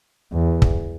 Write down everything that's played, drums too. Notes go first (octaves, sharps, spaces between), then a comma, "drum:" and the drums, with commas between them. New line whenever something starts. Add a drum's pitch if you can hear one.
E2
drum: kick